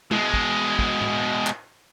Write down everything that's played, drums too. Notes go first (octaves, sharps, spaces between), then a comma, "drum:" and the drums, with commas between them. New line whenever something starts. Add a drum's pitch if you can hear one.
B2 G#3, drum: tom G#3
drum: kick
drum: kick
drum: tom A2
drum: clap